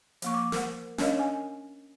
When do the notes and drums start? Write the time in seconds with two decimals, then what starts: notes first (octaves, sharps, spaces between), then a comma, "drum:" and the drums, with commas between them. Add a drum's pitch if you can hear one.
0.22 F3 A#3 C#6, drum: hi-hat
0.34 D6
0.52 A#4 C5 F#5, drum: snare
0.98 C#4 D4 A#4 C#5 D#5 F5, drum: snare
1.19 G#5